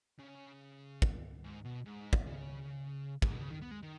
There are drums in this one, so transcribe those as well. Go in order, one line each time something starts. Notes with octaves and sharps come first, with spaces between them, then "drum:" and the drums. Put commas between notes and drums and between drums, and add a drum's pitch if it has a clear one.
C#3
drum: kick
G#2
B2
G#2
drum: kick
C#3
G#2, drum: kick
B2
C#3
D#3
B3
G#3
D#3